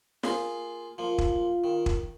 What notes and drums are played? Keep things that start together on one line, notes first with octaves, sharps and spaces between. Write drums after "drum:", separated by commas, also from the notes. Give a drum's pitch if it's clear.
A#3 F4 G#4, drum: snare
F3 A#3 F4
drum: kick
D#3
drum: kick